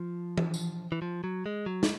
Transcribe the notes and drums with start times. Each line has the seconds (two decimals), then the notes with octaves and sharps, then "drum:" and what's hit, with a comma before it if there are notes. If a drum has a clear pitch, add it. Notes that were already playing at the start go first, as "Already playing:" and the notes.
Already playing: F3
0.38 drum: tom E3
0.54 drum: tambourine
0.92 E3
1.02 F3
1.24 F#3
1.46 G#3
1.66 F#3
1.83 drum: snare